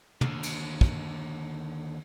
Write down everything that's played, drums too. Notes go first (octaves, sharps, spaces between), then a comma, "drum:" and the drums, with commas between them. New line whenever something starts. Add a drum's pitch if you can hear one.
D#2 D3, drum: tom
drum: cymbal
drum: kick